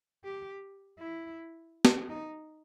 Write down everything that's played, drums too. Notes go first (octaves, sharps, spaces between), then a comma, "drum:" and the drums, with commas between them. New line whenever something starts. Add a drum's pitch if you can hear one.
G4
E4
drum: snare
D#4